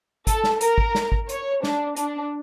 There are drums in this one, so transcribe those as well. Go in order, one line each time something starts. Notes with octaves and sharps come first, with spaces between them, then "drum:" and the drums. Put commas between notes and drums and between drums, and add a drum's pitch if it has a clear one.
A4, drum: kick G#1, hi-hat
drum: snare
A#4, drum: hi-hat
drum: kick G#1
drum: snare
drum: kick G#1
C#5, drum: hi-hat
D4, drum: snare
D4, drum: hi-hat